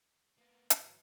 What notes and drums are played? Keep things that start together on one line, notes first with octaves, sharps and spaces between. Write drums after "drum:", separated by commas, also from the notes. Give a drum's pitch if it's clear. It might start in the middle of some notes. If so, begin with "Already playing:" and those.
A#3 B3
G1 E3 F#3 C#5 F5, drum: hi-hat